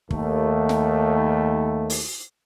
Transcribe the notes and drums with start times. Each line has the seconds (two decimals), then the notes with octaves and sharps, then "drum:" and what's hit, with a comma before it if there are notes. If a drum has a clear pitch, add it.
0.11 D#2 A3, drum: kick
0.69 drum: snare
1.90 drum: open hi-hat